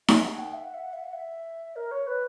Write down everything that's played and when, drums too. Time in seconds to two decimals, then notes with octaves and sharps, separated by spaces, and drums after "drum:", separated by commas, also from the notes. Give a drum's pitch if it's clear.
0.08 E5, drum: snare D#4
0.23 F#5
0.38 G5
0.54 E5
0.63 F#5
0.74 E5
0.84 F#5
0.93 E5
1.04 F#5
1.13 E5
1.76 A#4
1.91 C#5
2.07 B4